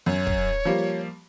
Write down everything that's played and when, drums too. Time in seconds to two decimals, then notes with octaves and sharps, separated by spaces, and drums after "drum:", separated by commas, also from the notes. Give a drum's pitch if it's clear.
0.06 F#2 C#5
0.26 drum: kick
0.65 F3 G3 A#3